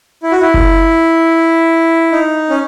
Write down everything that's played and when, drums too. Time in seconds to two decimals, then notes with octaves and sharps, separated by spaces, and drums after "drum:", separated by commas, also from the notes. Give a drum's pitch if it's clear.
0.23 E4
0.32 F#4
0.41 E4
0.54 drum: kick F#1
2.12 D#4
2.50 C#4